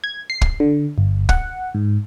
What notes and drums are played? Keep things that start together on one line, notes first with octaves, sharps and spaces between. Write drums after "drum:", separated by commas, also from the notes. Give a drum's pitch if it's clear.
G#6
C7
drum: kick
D3
G1
F#5, drum: kick
G#2